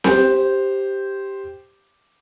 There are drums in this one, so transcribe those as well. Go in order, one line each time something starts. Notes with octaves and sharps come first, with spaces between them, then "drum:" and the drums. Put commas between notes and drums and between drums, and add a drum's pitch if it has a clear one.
G4 C5, drum: snare C4